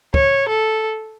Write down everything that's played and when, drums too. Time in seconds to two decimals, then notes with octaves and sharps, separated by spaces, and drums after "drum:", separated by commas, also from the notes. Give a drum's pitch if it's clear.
0.14 C#5, drum: kick
0.49 A4